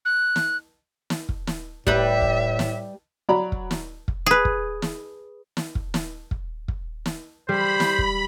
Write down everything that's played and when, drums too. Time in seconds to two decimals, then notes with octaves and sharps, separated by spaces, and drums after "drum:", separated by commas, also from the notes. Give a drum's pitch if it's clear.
0.05 F#6
0.36 drum: snare
1.10 drum: snare
1.29 drum: kick
1.47 drum: snare
1.87 A2 G3 B4 D5 E5, drum: kick
2.22 drum: kick
2.59 drum: snare
3.29 F#3 D5 A#5 B5
3.52 drum: kick
3.71 drum: snare
4.08 drum: kick
4.26 G#4 B4
4.45 drum: kick
4.82 drum: snare
5.57 drum: snare
5.75 drum: kick
5.94 drum: snare
6.31 drum: kick
6.68 drum: kick
7.06 drum: snare
7.49 G3 C5 B5
7.80 drum: snare
7.99 drum: kick